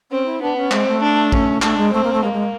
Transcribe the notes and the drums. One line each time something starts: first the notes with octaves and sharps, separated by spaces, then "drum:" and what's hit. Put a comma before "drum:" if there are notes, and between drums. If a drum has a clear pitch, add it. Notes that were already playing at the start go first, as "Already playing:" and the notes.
C4 C#4
E4
B3 D4
C#4
G#3 C4, drum: clap
A3
D4
C#4, drum: kick A1
A3 D4, drum: clap
G#3
A3 C4
A#3
A3
G#3 A#3
G#3